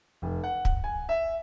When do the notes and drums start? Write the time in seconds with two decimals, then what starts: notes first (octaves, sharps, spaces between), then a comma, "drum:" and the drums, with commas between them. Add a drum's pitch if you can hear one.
0.22 F1
0.44 F#5
0.65 drum: kick
0.84 G#5
1.09 E5